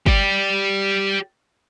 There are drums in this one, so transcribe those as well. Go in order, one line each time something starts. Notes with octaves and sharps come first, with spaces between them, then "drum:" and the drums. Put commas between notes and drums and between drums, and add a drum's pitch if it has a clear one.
G4 D5, drum: kick